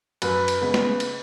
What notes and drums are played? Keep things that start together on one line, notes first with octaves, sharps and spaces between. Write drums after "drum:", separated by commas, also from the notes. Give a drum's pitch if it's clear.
F#2 B4, drum: cymbal
drum: cymbal
C#3 G#3 B3
drum: snare
drum: cymbal